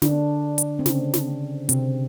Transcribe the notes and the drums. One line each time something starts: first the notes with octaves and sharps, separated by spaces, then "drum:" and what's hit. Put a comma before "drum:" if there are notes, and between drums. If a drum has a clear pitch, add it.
D3 D4, drum: snare
drum: hi-hat
C4
C#3 C#4, drum: snare
drum: snare
C3 C4, drum: hi-hat